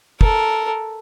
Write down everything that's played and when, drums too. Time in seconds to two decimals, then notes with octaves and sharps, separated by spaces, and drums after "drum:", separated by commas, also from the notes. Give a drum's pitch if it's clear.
0.21 A4 A#4, drum: kick